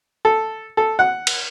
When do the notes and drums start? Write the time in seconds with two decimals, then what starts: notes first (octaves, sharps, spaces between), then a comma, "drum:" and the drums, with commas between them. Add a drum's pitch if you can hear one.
0.25 A4
0.77 A4
0.99 F#5
1.27 drum: cymbal